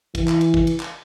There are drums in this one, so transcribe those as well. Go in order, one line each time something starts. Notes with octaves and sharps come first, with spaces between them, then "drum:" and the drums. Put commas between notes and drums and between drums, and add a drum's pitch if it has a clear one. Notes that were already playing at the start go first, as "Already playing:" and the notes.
E3, drum: kick, cymbal
drum: clap
drum: cymbal
drum: kick
drum: cymbal
drum: clap